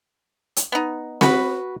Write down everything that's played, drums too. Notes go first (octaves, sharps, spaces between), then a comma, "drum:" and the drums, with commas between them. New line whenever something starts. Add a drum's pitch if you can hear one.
drum: hi-hat
B3 D#4
B3 F#4 B4, drum: snare C4